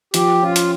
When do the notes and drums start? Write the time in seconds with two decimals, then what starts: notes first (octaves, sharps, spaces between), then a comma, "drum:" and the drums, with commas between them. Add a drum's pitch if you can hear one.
0.14 F3 G4, drum: hi-hat
0.42 C#4 F4
0.56 drum: hi-hat